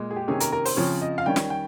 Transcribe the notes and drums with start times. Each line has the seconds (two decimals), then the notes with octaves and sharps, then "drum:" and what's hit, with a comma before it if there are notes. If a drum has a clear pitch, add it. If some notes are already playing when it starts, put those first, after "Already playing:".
Already playing: A#2 G#3
0.11 G#4
0.16 G4
0.28 C3 D#3 A#3 C#4 G#4
0.40 A#4, drum: hi-hat
0.52 A#4
0.65 C5, drum: open hi-hat
0.77 C#3 F3 C4 C#5
1.02 D#5
1.18 F5
1.26 D#3 G3 C#4 G5
1.36 drum: snare
1.50 G5